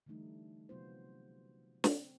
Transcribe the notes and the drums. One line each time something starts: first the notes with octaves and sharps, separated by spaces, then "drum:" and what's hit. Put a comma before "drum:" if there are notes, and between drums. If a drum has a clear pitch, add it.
D3 E3 G3 A3 D#4
C3 F3 F#3 B3 F4 C5
C4, drum: snare